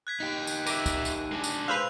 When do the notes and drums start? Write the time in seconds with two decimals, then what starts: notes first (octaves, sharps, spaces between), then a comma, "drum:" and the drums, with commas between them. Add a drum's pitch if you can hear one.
0.07 F#6 G#6 B6
0.20 D#4 G4
0.47 drum: tambourine
0.67 A#4 E5 D6 D#7, drum: tambourine
0.86 drum: kick, tambourine
1.05 drum: tambourine
1.32 G#3 D4
1.44 drum: tambourine
1.68 B4 C5 F5 E6 F#6 F7